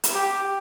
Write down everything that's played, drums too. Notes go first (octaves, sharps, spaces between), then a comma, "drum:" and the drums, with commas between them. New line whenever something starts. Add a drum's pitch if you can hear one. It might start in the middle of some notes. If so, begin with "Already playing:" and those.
drum: hi-hat
G4